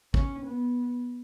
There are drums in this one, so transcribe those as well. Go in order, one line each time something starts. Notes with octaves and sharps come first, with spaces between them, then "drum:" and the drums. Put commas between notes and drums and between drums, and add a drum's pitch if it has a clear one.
C#4, drum: kick
B3